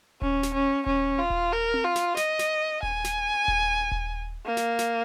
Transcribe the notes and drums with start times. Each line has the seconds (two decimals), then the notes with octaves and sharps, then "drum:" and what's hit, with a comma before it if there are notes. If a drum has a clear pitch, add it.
0.22 C#4, drum: kick D#1
0.43 drum: snare
0.54 C#4
0.86 C#4, drum: kick D#1
1.19 F4
1.30 drum: kick D#1
1.53 A#4
1.74 drum: tom C4
1.84 F4
1.96 drum: snare
2.17 D#5, drum: snare
2.39 drum: snare
2.83 G#5, drum: kick D#1
3.04 drum: snare
3.48 drum: kick D#1
3.92 drum: kick D#1
4.46 A#3
4.57 drum: snare
4.79 drum: snare